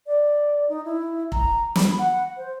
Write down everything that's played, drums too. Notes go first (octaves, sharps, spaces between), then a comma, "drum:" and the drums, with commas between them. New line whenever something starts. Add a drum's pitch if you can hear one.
D5
D#4
E4
A#5, drum: kick
B5, drum: snare
F#5
C5